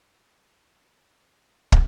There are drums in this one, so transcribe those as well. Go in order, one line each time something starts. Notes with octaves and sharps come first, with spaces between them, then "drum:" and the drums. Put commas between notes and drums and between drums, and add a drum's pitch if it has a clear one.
C4
D4
drum: kick